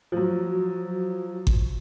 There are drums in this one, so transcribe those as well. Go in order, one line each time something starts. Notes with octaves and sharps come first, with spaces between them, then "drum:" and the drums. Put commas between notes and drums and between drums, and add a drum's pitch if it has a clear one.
F3 F#3
drum: kick G1